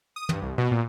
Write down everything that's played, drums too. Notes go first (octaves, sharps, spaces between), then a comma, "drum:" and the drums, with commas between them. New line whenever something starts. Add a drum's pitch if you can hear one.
D#6
G2, drum: tom
C2
B2
A#2